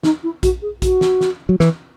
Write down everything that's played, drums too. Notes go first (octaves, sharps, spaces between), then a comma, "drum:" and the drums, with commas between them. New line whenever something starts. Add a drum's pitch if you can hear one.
D#4, drum: snare
E4
F#4, drum: kick A#1, hi-hat
G#4
F#4, drum: kick A#1, hi-hat
drum: snare
drum: snare
F#3
E3, drum: snare